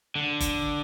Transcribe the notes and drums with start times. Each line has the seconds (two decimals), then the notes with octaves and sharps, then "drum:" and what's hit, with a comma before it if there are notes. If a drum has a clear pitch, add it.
0.16 D3
0.41 drum: kick, hi-hat